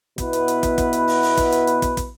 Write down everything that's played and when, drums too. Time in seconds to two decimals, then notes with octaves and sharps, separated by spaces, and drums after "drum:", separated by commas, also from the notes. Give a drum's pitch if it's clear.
0.18 B2 B3 E4 B4, drum: kick, hi-hat
0.33 drum: hi-hat
0.48 drum: hi-hat
0.63 drum: kick, hi-hat
0.78 drum: kick, hi-hat
0.93 drum: hi-hat
1.08 drum: open hi-hat
1.23 drum: open hi-hat
1.37 drum: kick, hi-hat
1.52 drum: hi-hat
1.67 drum: hi-hat
1.82 drum: kick, hi-hat
1.97 drum: kick, hi-hat